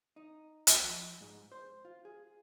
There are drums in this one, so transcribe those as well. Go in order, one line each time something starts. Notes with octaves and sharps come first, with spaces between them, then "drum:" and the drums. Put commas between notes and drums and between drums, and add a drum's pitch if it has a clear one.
D#4
drum: hi-hat
F3
G#2
C5
F4
G#4